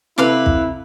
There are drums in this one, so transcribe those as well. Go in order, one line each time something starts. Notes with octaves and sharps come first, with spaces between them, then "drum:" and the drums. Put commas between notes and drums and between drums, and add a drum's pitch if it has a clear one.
C3 C4 E4 A4 B4 F5 D6
drum: kick